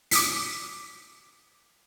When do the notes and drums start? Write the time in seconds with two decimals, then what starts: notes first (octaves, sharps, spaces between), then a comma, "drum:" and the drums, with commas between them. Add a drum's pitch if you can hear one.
0.11 D6 D#6 B6, drum: open hi-hat